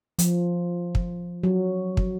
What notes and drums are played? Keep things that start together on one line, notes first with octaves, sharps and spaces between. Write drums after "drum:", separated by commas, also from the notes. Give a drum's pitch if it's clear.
F3, drum: hi-hat
drum: kick
F#3
drum: kick